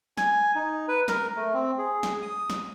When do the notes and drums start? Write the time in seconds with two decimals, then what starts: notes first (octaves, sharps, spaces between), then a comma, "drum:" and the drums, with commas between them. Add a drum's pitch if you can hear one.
0.17 G#5, drum: snare
0.55 D#4
0.88 B4
1.08 A#4, drum: snare
1.36 A3
1.54 C4
1.78 G#4
2.03 drum: snare
2.22 D#6
2.50 drum: snare